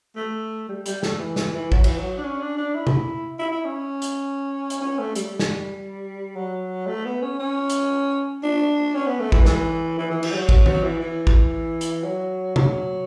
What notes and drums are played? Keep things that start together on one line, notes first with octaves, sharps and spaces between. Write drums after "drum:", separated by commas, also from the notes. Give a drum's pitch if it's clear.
A3
G3
G3, drum: hi-hat
A3, drum: snare
E3
E3, drum: snare
E3
F#3, drum: kick
E3, drum: cymbal
F#3
D4
C#4
D4
D4
E4
drum: tom C3
E4
E4
C#4
drum: hi-hat
drum: hi-hat
C#4
A3
G3, drum: hi-hat
drum: snare
F#3
A3
B3
C#4
C#4
drum: hi-hat
D4
C#4
B3
A3
E3, drum: kick
E3, drum: snare
E3
E3
E3, drum: cymbal
G3
F#3
F#3, drum: kick
F#3, drum: tom D#3
E3
E3
drum: kick
drum: hi-hat
F#3
F#3, drum: tom C3